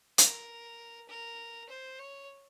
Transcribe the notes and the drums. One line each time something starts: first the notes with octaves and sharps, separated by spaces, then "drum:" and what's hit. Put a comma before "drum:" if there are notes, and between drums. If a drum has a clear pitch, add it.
A#4, drum: hi-hat
A#4
C5
C#5